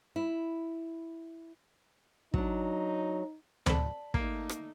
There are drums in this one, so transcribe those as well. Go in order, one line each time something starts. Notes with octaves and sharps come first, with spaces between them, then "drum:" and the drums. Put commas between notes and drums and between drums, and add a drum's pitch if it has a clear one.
E4
F#3 D4 D#4, drum: kick
C4 A4 D5 A5 B5, drum: tom D2
A3 A#3 D#4, drum: kick
drum: rim click